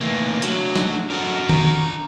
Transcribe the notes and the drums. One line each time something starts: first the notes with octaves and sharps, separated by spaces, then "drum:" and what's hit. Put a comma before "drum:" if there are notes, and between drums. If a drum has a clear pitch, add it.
C3 E3 A3 A#3
F#3 A3 D4 F#4, drum: hi-hat
drum: snare
F#3 D4 F#4 A4 A#4
D4 A#5, drum: tom D#3